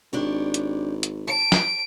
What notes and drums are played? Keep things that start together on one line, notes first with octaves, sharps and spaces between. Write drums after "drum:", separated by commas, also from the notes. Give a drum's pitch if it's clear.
G#1 D4 G4 C#5
drum: hi-hat
drum: hi-hat
A5 D7
drum: snare